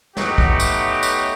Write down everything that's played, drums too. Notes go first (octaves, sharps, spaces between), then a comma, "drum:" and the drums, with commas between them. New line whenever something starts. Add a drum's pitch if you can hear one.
F#3 A3 B3 D#4 F#4 G4, drum: snare
drum: kick
drum: tambourine
drum: tambourine